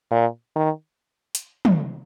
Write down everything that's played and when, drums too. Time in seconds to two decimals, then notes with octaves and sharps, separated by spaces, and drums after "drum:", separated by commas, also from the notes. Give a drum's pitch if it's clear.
0.11 A#2
0.56 D#3
1.35 drum: hi-hat
1.65 drum: tom